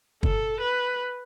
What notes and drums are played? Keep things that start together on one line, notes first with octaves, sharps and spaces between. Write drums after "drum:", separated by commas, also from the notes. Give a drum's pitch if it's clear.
A4, drum: kick
B4